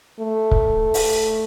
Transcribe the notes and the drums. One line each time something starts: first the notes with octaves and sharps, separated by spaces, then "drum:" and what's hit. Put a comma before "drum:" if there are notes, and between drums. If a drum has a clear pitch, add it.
A3
drum: kick C#1
drum: open hi-hat